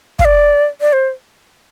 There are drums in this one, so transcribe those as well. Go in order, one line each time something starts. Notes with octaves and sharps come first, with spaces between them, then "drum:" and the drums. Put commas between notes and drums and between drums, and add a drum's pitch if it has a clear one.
F5, drum: kick
D5
D5
C5